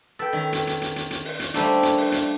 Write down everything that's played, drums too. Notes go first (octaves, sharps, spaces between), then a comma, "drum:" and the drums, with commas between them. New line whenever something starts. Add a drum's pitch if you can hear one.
A4 B4 G5
D#3 C#4
drum: hi-hat
drum: hi-hat
drum: hi-hat
drum: hi-hat
drum: hi-hat
drum: open hi-hat
drum: hi-hat
G3 A3 A#3 D4 C5 A5, drum: hi-hat
drum: hi-hat
drum: open hi-hat
drum: hi-hat